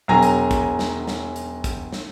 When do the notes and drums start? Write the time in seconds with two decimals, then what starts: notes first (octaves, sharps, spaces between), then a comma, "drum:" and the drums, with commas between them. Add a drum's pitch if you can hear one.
0.08 E1 F#3 G#5 A#5 A#6
0.22 drum: hi-hat
0.51 drum: kick, hi-hat
0.79 drum: snare
1.07 drum: snare
1.36 drum: hi-hat
1.64 drum: kick, hi-hat
1.93 drum: snare